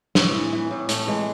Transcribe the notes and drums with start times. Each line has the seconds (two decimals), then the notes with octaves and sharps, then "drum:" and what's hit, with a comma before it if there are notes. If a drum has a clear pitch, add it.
0.15 A2 C4, drum: snare
0.35 E3
0.53 E3
0.71 A2
0.89 A2 A3, drum: hi-hat
1.08 E3 G#3